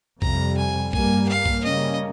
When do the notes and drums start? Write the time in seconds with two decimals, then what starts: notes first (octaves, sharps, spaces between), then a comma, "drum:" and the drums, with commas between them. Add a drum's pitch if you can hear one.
0.22 F2 C3 G3 A#5, drum: kick A#1
0.57 G#5
0.93 G2 G3 A#3 G#5, drum: kick A#1
1.28 F5
1.46 drum: kick A#1
1.64 C#3 G3 A#3 C#4 D#5